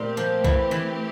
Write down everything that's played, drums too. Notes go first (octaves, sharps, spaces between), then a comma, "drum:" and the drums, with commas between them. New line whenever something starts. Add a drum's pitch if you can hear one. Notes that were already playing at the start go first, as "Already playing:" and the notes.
Already playing: A#2 A3 C4 G4
F3
E3, drum: kick B1
E3